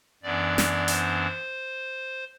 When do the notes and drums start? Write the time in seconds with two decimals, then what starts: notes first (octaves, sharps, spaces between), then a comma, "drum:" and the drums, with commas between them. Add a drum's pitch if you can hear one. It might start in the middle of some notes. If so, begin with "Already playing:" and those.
0.23 F#2 E3 B3 D4 D5
0.58 drum: snare
0.88 C5, drum: hi-hat